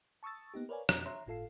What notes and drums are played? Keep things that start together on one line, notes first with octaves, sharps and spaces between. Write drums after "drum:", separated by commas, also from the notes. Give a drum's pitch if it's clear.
A5 C#6 D#6 E6 A6
A#3 B3 D#4 G4
A#4 B4 C#5 D5 F5 G#5
F2 B2 A#5, drum: rim click
C#5 E5 A#5 C6
G1 A2 F4 A4 F5 C7